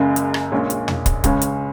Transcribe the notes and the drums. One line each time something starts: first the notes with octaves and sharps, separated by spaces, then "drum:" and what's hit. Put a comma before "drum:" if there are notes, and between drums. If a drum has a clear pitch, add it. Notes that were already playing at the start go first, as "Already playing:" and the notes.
Already playing: F#1 F#2 C#3 G#3
drum: hi-hat
drum: rim click
A#1 A#2 G#3 C#4
drum: hi-hat
drum: tom
drum: kick, hi-hat
C#2 C#3 G#3 C#4, drum: kick, hi-hat
drum: hi-hat